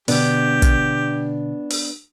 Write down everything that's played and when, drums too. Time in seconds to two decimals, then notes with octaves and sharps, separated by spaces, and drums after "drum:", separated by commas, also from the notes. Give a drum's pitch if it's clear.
0.08 B2 D3 B3 D4 G4, drum: open hi-hat
0.62 drum: kick, hi-hat
1.70 drum: open hi-hat